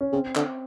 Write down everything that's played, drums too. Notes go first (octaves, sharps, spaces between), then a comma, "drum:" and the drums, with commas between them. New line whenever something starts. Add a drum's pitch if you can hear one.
C#4
C#3 C4
D3, drum: clap